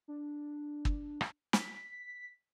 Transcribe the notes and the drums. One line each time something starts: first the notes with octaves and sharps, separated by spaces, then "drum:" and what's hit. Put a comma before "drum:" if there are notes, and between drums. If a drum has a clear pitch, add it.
D4
drum: kick
drum: rim click
B6, drum: snare